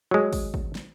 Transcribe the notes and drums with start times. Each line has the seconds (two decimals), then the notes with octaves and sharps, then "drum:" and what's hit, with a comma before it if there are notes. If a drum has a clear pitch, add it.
0.11 F#3 G#3
0.33 drum: kick, open hi-hat
0.54 drum: kick
0.75 drum: snare